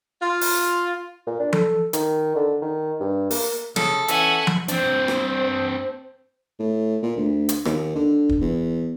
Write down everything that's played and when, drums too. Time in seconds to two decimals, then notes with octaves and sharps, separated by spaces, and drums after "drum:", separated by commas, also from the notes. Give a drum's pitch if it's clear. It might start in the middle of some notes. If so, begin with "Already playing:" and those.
0.22 F4
0.41 drum: open hi-hat
1.27 A#2
1.39 D4
1.53 A4, drum: tom F3
1.93 D#3, drum: hi-hat
2.35 D3
2.62 D#3
3.00 G2
3.31 A#3, drum: open hi-hat
3.76 C#3 A4, drum: snare
4.08 E3 C#4 E5 F#5 G#5, drum: hi-hat
4.47 drum: tom F3
4.68 C4 D4 C5, drum: hi-hat
5.08 drum: rim click
6.60 A2
7.03 A#2
7.17 D2
7.49 drum: hi-hat
7.65 D#2, drum: rim click
7.96 D3
8.29 drum: kick
8.41 E2